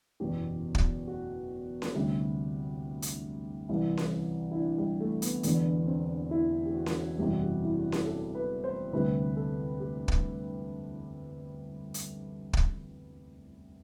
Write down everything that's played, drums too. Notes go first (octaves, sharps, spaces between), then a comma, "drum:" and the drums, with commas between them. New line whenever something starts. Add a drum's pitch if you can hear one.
F#1 E2 B2 G4
drum: kick
F#4
drum: snare C#4
D2 C3 G3
drum: hi-hat
C2 C3 E3 G3
drum: snare C#4
E4
D4
G3
A3
B3, drum: hi-hat
E1 E2 D3 B3, drum: hi-hat
C4
E4
G4
F#4
drum: snare C#4
F#1 E2 C3 G3 G4
F#4
G4
E4
F#4
G4, drum: snare C#4
A4
B4
C5
D2 C3 G3 B4
A4
G4
drum: kick
drum: hi-hat
drum: kick